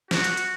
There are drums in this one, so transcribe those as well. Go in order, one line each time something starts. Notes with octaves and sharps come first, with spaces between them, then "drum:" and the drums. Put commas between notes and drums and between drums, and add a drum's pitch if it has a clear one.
F#4, drum: snare
drum: hi-hat
drum: hi-hat